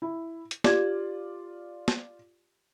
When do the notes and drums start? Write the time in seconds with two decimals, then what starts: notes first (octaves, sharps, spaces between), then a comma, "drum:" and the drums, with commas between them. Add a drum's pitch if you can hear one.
0.02 E4
0.51 drum: hi-hat
0.64 F4 G4 D5 G#6, drum: snare
1.88 drum: snare